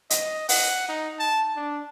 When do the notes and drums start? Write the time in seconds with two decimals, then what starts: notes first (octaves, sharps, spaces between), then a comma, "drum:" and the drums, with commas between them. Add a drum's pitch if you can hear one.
0.10 D#5, drum: hi-hat
0.49 F#5, drum: open hi-hat
0.88 D#4
1.19 A5
1.56 D4